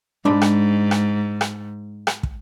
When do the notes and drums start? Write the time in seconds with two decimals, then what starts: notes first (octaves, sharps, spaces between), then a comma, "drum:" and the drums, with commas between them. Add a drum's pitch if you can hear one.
0.25 G#2 G#3 D4 B5
0.42 drum: rim click
0.91 drum: rim click
1.41 drum: rim click
2.07 drum: rim click
2.23 drum: kick